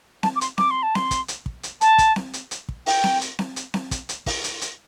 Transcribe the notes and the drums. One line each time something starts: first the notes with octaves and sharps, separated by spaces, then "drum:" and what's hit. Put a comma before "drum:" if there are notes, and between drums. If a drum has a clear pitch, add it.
A5, drum: snare C4
D6
C6, drum: hi-hat
D6, drum: snare C4
C6
A5
C6, drum: snare C4
drum: kick, hi-hat
drum: hi-hat
drum: kick
drum: hi-hat
A5, drum: hi-hat
drum: kick, hi-hat
drum: snare C4
drum: hi-hat
drum: hi-hat
drum: kick
G5, drum: open hi-hat
drum: snare C4
drum: hi-hat
drum: snare C4
drum: hi-hat
drum: snare C4
drum: kick, hi-hat
drum: hi-hat
drum: kick, open hi-hat
drum: hi-hat
drum: hi-hat